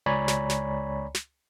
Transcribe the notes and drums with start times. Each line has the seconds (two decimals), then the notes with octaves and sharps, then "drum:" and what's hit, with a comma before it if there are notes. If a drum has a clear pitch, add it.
0.06 C#2 C#5 D5 G#5 A#5 B5
0.28 drum: snare
0.50 drum: snare
1.15 drum: snare